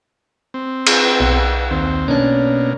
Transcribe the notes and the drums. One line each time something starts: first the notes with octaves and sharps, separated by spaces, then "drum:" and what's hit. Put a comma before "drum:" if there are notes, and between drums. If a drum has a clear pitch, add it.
C4
drum: cymbal
B1
D#2 C4
B2 A#3 C#4 D4